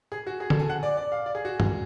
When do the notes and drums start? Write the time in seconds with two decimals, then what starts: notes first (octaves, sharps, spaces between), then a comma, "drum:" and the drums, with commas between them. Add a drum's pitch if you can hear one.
0.12 G#4
0.27 F#4
0.40 G#4
0.50 A4, drum: tom D3
0.59 G#5
0.69 F#5
0.83 D5
0.97 D5
1.12 F5
1.26 D5
1.35 G#4
1.45 F#4
1.60 drum: tom G2